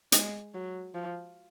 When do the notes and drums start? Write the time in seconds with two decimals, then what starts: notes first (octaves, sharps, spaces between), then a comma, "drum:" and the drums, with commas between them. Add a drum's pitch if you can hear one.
0.12 G#3, drum: hi-hat
0.54 F#3
0.94 F3